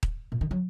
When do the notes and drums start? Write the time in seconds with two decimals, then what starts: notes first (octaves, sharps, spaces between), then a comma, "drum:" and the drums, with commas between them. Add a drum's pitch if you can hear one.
0.03 drum: kick D#1
0.32 A#2
0.41 D#3
0.51 F#3